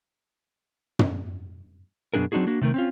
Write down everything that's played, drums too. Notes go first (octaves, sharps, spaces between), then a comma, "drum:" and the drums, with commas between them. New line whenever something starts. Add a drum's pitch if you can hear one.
drum: tom
F#2 B2 E3 D4 G#4 A#4
F#3 C4 D4 D#4 F#4 G#4
A#3 D4 F#4
C3 D#3 A3 A#4
C4 C#4 F4